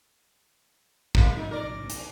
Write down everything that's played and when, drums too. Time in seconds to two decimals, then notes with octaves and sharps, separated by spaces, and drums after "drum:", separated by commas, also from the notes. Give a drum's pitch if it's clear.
1.15 G3 A#3, drum: kick
1.37 D#4
1.51 A#4 D5
1.90 drum: hi-hat